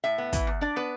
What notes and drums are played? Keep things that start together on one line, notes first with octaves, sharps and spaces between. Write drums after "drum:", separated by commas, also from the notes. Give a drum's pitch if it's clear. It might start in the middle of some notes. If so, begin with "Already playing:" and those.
A2 E5
B3
E3, drum: kick, hi-hat
E2
D4 D5
B3 B4